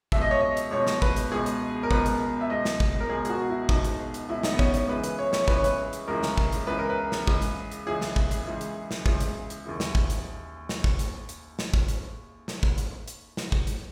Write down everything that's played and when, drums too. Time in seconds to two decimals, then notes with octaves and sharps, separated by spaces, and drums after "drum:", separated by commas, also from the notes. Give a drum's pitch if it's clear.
0.12 C#2 B2 E5, drum: kick
0.22 D#5
0.31 C#5
0.41 D#5
0.57 drum: hi-hat
0.71 C#2 B2 C#5
0.87 drum: snare
1.02 B4, drum: kick
1.16 drum: hi-hat
1.32 C#2 B2 G#4
1.46 drum: hi-hat
1.83 A#4
1.91 C#2 B2 B4, drum: kick
2.06 drum: hi-hat
2.41 E5
2.50 C#2 B2 D#5
2.65 drum: snare
2.80 drum: kick
3.00 A#4
3.09 C#2 B2 G#4
3.25 G#4, drum: hi-hat
3.30 F#4
3.50 E4
3.69 C#2 B2 D#4, drum: kick
3.84 drum: hi-hat
4.14 drum: hi-hat
4.29 C#2 B2 E4
4.43 D#4, drum: snare
4.53 B3
4.59 C#4, drum: kick
4.74 C#4, drum: hi-hat
4.88 C#2 C#3 E3 B4
5.04 B4, drum: hi-hat
5.19 C#5
5.33 C#5, drum: snare
5.48 C#2 C#3 E3 B4, drum: kick
5.56 C#5
5.64 B4, drum: hi-hat
5.93 drum: hi-hat
6.07 C#2 C#3 E3 A#4
6.23 drum: snare
6.38 drum: kick
6.52 drum: hi-hat
6.67 C#2 C#3 E3 B4
6.78 A#4
6.90 B4
7.12 drum: snare
7.27 C#2 C#3 E3, drum: kick
7.42 drum: hi-hat
7.72 drum: hi-hat
7.86 C#2 C#3 E3 G#4
8.01 drum: snare
8.16 drum: kick
8.31 drum: hi-hat
8.47 C#2 C#3 E3
8.61 drum: hi-hat
8.91 drum: snare
9.06 C#2 C#3 E3, drum: kick
9.20 drum: hi-hat
9.50 drum: hi-hat
9.65 D#2 C#3 E3
9.80 drum: snare
9.95 drum: kick
10.10 drum: hi-hat
10.69 drum: snare
10.84 drum: kick
10.99 drum: hi-hat
11.29 drum: hi-hat
11.59 drum: snare
11.74 drum: kick
11.88 drum: hi-hat
12.48 drum: snare
12.63 drum: kick
12.78 drum: hi-hat
13.08 drum: hi-hat
13.37 drum: snare
13.52 drum: kick
13.67 drum: hi-hat